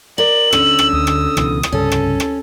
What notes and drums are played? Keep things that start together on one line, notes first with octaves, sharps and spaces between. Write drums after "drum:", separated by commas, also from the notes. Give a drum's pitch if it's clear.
A#4 D5 F#7
D3 C#4 E6, drum: rim click
drum: rim click
D2 D#6
drum: rim click
C#2 B2 E3, drum: rim click
drum: rim click
C2 G2 C#3 C#4 A4
drum: rim click
drum: rim click